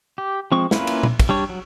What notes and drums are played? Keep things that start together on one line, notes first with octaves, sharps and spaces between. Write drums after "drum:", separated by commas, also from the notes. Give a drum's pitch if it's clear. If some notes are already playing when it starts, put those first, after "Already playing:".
G4
F3 G#3 C4 C#6
A#3 C#4 E4 F4 B4, drum: snare
drum: cymbal
drum: tom A#2
drum: kick, cymbal
G3 D4 C#5
F#3